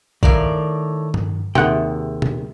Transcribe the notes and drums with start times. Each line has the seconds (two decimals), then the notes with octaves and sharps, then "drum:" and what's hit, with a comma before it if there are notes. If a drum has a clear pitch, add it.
0.23 A2 D#3 A#4 D5 F5, drum: kick
1.14 drum: tom
1.55 D#2 C3 G#4 F#5 G5, drum: tom B2
2.22 drum: tom B2